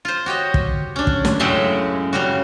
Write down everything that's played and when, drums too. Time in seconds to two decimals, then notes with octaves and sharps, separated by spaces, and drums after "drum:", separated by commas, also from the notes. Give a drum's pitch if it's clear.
0.05 F4 C5
0.26 F#4 G4 C#5 D#5
0.54 drum: kick
0.96 C#4 D4
1.07 drum: kick
1.25 drum: snare
1.39 F#2 A2 C#3 G#3 E5 C6
2.13 C#3 G3 F#4